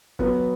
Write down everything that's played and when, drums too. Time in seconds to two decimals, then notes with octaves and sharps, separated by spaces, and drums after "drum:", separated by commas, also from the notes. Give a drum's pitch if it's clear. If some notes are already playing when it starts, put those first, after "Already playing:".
0.19 F#3 B3 B4, drum: kick